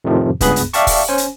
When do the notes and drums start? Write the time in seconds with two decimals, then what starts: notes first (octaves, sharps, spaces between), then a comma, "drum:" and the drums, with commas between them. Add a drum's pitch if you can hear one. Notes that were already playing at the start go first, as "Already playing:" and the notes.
0.04 F2 A2 C3 D#3 F3
0.41 C#2 G2 B3 G#4 B5 F#6, drum: kick, hi-hat
0.56 drum: hi-hat
0.73 D5 E5 F5 G5 A5 C#6, drum: hi-hat
0.87 drum: kick, open hi-hat
1.09 C#4 C5 G#5
1.18 drum: hi-hat